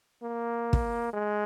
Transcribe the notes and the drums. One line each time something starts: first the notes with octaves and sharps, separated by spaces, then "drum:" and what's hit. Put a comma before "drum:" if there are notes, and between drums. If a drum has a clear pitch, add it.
A#3
drum: kick
G#3